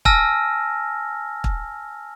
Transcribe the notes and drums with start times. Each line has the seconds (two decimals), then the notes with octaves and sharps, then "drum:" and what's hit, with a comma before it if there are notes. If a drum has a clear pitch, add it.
0.05 G#5 A5 E6 F6 A#6, drum: kick
1.44 drum: kick